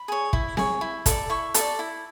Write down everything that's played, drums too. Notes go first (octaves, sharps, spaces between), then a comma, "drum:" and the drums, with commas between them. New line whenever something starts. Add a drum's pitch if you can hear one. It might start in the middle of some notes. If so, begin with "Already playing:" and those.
Already playing: B5
G#4 C#5
E4, drum: kick
G#4 C#5, drum: snare C4
E4
A4 D5, drum: kick, hi-hat
E4 C#6
A4 D5, drum: hi-hat
E4